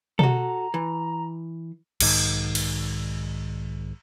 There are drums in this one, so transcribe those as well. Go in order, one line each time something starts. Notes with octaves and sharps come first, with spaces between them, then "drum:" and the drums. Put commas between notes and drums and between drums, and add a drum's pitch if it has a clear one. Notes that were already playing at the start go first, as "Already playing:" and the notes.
F#4 A4 A#5, drum: tom B2
E3
B1 G#2 D#3, drum: cymbal
drum: cymbal